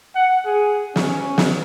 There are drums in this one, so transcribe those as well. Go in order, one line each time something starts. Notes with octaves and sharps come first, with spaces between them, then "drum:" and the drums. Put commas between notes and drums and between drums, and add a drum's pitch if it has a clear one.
F#5
G#4
C#4, drum: snare
drum: snare